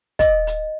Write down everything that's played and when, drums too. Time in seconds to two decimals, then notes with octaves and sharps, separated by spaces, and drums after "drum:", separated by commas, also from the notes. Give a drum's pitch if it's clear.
0.19 D#5, drum: kick, hi-hat
0.47 drum: hi-hat